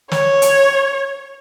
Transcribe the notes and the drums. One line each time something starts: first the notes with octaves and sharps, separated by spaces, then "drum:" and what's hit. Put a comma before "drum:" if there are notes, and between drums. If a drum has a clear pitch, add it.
C#5, drum: snare
drum: hi-hat